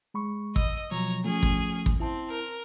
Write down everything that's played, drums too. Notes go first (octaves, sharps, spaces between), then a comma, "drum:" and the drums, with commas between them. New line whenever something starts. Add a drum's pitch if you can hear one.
G#3 B5 C#6
D#5 E6, drum: kick
B2 F3 F#3 C#5 A#5
F3 A3 C#4 G#4
drum: kick
drum: kick
C4 E4 A5
A#4